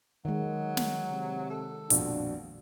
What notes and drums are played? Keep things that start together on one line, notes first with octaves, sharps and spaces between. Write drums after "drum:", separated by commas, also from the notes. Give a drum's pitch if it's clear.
D#3 F#3 G#3
drum: snare
C3
A4
A#1 F2 B2 D4, drum: hi-hat